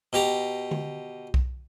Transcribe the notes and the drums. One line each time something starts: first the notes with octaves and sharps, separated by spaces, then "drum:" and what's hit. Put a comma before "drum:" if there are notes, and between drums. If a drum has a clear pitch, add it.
B2 G4 A#5
drum: tom D3
drum: kick B1